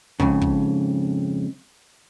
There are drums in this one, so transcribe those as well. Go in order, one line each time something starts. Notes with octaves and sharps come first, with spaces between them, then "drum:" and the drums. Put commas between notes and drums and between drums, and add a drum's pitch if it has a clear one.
F2 G#2 C#3, drum: kick
drum: kick